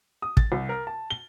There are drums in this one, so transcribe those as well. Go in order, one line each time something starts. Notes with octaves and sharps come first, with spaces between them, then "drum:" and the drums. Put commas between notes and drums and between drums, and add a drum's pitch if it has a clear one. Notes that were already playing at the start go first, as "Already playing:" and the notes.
D#6
A6, drum: kick
C2
A#4
A5
G7